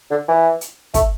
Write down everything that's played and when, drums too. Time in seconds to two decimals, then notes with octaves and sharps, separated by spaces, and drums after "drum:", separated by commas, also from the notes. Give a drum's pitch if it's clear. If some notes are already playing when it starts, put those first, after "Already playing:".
0.11 D3
0.28 E3
0.61 drum: hi-hat
0.94 A3, drum: kick, hi-hat